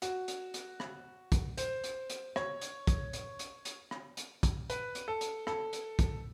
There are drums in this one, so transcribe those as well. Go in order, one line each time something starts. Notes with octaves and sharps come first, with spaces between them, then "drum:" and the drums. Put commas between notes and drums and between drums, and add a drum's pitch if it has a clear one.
F#4, drum: hi-hat
drum: hi-hat
drum: hi-hat
drum: rim click
drum: kick, hi-hat
C5, drum: hi-hat
drum: hi-hat
drum: hi-hat
C#5, drum: rim click
drum: hi-hat
drum: kick, hi-hat
drum: hi-hat
drum: hi-hat
drum: hi-hat
drum: rim click
drum: hi-hat
drum: kick, hi-hat
B4, drum: hi-hat
drum: hi-hat
A4
drum: hi-hat
A4, drum: rim click
drum: hi-hat
drum: kick, hi-hat